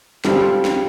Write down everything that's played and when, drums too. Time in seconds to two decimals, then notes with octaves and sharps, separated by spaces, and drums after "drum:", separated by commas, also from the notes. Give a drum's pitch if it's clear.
0.25 F3 G3 C4 F4 A4, drum: snare
0.65 drum: snare